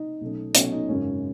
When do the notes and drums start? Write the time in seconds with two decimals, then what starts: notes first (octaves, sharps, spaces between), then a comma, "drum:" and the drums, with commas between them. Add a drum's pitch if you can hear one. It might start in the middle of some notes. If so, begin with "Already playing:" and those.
Already playing: D#4
0.21 B1 B2 A3 C#4
0.55 B1 B2 A3 C#4, drum: hi-hat
0.72 D#4
0.89 G#1 F#2 C#3 C#4